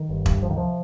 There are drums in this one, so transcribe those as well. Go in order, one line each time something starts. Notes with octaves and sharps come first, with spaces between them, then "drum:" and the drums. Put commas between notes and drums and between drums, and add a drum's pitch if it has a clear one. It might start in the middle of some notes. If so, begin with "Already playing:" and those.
Already playing: D#3
G1
G2, drum: kick E1
C#2 F3
D#3
C3 F3